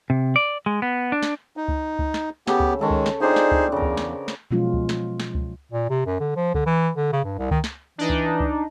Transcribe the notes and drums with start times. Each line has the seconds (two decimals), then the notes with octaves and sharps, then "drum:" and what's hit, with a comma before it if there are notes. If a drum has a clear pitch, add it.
0.10 C3
0.36 D5
0.66 G#3
0.82 B3
1.12 D4
1.23 drum: snare
1.57 D#4
1.68 drum: kick C#2
1.99 drum: kick C#2
2.14 drum: snare
2.47 C#3 B3 G4 A4, drum: snare
2.60 drum: kick C#2
2.81 D#3 G#3 C#4 A4
2.91 drum: kick C#2
3.06 drum: snare
3.21 F3 C4 D4 D#4 G#4 C5
3.36 drum: snare
3.52 drum: kick C#2
3.72 E2 C#3 A#4
3.82 drum: kick C#2
3.97 drum: snare
4.28 drum: snare
4.51 B2 F3 F#3 G#3 C#4 F4
4.74 drum: kick C#2
4.89 drum: snare
5.20 drum: snare
5.35 drum: kick C#2
5.72 A#2
5.90 C3
6.06 F#2
6.20 D3
6.36 F3
6.54 D3, drum: kick C#2
6.66 E3
6.96 D3
7.13 C#3
7.24 G2
7.38 C2
7.51 D#3, drum: kick C#2
7.64 drum: snare
7.98 E3 D4 D#4
8.10 drum: kick C#2
8.40 drum: kick C#2